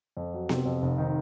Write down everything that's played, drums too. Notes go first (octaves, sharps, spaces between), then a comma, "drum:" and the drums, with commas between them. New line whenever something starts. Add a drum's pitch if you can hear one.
F2
F#3
C3, drum: snare B3
F2
F1
D#3